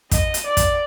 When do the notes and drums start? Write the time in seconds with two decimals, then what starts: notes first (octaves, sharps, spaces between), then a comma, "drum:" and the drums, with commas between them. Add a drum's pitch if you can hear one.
0.11 D#5, drum: kick, hi-hat
0.34 drum: hi-hat
0.46 D5
0.57 drum: kick, hi-hat